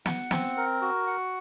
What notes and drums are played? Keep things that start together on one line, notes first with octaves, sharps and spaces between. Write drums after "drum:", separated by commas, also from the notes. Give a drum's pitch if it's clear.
F#5, drum: snare
C4, drum: snare
A#4
F#4
F#5